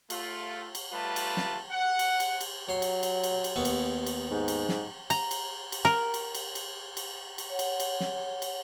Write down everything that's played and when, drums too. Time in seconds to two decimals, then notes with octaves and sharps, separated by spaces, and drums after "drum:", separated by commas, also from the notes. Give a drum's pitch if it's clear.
0.10 A3 F4, drum: cymbal
0.75 drum: cymbal
0.92 G3 A3 F4 B4 A5
1.16 drum: cymbal
1.37 drum: snare
1.72 F#5
1.99 drum: cymbal
2.20 drum: cymbal
2.41 drum: cymbal
2.69 F#3 C#5 C6
2.82 drum: cymbal
3.03 drum: cymbal
3.24 drum: cymbal
3.44 drum: cymbal
3.56 D#2 B3 C#6
3.65 drum: cymbal
4.06 drum: cymbal
4.31 G#2
4.48 drum: cymbal
4.69 drum: snare
5.10 A#5, drum: cymbal
5.31 drum: cymbal
5.72 drum: cymbal
5.85 A#4
6.14 drum: cymbal
6.35 drum: cymbal
6.55 drum: cymbal
6.97 drum: cymbal
7.38 drum: cymbal
7.50 C#5 F#5
7.59 drum: cymbal
7.80 drum: cymbal
8.00 drum: snare
8.42 drum: cymbal